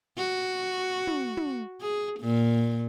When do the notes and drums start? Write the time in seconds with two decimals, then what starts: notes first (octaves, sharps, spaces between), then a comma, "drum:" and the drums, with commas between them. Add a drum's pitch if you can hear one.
0.18 F#4
1.07 drum: tom
1.37 drum: tom
1.81 G#4
2.20 A#2